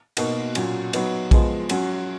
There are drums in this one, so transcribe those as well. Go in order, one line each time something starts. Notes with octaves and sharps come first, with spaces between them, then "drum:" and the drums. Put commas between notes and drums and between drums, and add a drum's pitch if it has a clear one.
B2 A#3 D#4 F#4, drum: cymbal
A#2 F#3 C#4, drum: cymbal
F#3 B3 D#4, drum: cymbal
F3 G#3 B3, drum: kick A#1, cymbal
F#3 C#4 F#4, drum: cymbal